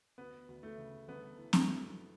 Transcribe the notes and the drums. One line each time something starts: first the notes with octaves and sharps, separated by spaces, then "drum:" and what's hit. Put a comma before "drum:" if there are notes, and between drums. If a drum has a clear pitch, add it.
D2 B3
D2
A3
C#3
G1 B3
E3
drum: snare
F#2